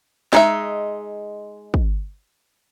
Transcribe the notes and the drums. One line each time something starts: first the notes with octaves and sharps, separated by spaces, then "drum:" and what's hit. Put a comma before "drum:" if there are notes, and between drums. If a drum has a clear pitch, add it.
G#3 D#4 E5, drum: snare
drum: kick